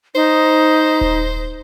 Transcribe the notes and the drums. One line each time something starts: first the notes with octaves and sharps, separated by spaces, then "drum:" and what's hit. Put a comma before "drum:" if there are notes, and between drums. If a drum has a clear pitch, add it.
D#4 C5
drum: kick D#1